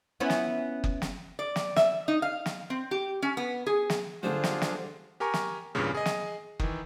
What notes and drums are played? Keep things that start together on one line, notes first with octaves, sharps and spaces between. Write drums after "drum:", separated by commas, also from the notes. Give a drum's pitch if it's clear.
B3 C#4 E4
drum: snare
drum: kick F#1
drum: snare
D5
drum: snare
E5, drum: snare
D#4
F5
drum: snare
C4
G4
C#4
B3
G#4
drum: snare
D3 G3 D4 F4 G#4 C5
drum: snare
drum: snare
G4 A#4 G#5 A#5 C#6
drum: snare
E2 G2 A#2 C#3
G#4 D#5
drum: snare
D#3 E3, drum: kick F#1